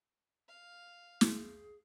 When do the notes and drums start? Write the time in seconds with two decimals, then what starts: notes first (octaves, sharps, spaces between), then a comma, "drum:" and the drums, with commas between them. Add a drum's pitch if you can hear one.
0.49 F5
1.21 G#4, drum: snare